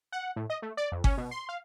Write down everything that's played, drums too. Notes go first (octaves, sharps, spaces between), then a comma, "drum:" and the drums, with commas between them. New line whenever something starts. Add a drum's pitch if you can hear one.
F#5
A2
D#5
A3
D5
F2
C#4, drum: kick G1
B2
C6
F5